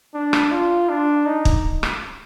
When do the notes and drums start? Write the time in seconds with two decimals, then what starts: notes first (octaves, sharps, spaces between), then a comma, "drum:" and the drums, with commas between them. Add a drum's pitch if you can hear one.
0.14 D4
0.33 drum: rim click
0.51 F4
0.89 D4
1.26 D#4
1.45 drum: kick
1.83 drum: rim click